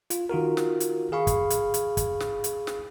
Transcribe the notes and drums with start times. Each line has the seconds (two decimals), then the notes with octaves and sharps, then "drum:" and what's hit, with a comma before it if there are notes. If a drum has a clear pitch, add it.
0.10 F4, drum: hi-hat
0.29 D#3 F4 F#4 A#4
0.57 drum: snare
0.80 drum: hi-hat
1.12 G#4 F5 B5 C#6
1.27 drum: kick, hi-hat
1.50 drum: hi-hat
1.74 drum: hi-hat
1.97 drum: kick, hi-hat
2.20 drum: snare
2.44 drum: hi-hat
2.67 drum: snare